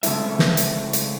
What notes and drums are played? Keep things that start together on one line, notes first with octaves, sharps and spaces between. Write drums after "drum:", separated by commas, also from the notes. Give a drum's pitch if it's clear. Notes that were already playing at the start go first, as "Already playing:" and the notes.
C#3 G#3 A3 E4 E5, drum: hi-hat
drum: snare
drum: hi-hat
drum: hi-hat